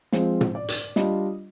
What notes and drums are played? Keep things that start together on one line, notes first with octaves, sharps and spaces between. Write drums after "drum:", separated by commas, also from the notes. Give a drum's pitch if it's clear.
F3 G#3 C4 F4 C5, drum: snare
drum: tom
D5
drum: hi-hat
G3 D4 F4 D#5, drum: snare